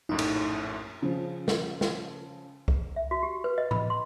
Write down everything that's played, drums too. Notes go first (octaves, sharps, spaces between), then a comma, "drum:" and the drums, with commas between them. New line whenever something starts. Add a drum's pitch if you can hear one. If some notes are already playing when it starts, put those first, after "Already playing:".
A#1 F#2 A2 D#4
drum: cymbal
C#3 F3
drum: snare
drum: snare
drum: kick C2
E5
F#4
G4
B4
D#5
B5, drum: tom A2
C6